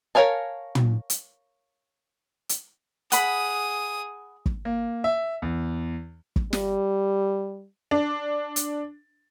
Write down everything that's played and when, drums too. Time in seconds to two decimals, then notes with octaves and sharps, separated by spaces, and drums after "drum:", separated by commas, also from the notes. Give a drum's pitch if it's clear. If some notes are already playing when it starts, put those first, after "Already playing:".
0.15 A#4 C#5 F5 G#5 A5
0.75 drum: tom
1.10 drum: hi-hat
2.49 drum: hi-hat
3.12 G#4 F#5 B5 D#6, drum: hi-hat
4.46 drum: kick
4.65 A#3
5.04 E5
5.42 E2
6.36 drum: kick
6.53 G3, drum: snare
7.91 D4
8.56 drum: hi-hat